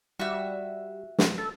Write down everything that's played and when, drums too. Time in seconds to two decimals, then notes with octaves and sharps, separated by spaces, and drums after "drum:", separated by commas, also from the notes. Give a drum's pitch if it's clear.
0.19 G3 F#4 E5
1.18 drum: snare
1.38 A4